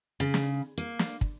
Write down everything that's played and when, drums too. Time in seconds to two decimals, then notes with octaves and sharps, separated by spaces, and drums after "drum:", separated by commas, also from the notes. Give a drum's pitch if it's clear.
0.20 C#3
0.34 drum: snare
0.78 A#3
0.99 drum: snare
1.21 drum: kick